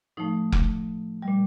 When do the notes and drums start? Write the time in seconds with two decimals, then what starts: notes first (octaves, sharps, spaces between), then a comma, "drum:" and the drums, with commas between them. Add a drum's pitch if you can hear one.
0.17 A2 F3 A3 D#4
0.52 drum: kick F1
1.22 G3
1.28 A#2